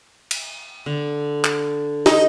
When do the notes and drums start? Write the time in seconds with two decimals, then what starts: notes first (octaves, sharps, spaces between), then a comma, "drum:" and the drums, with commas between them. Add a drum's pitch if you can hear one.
0.31 drum: cymbal
0.86 D3
1.45 drum: clap
2.06 D#4, drum: snare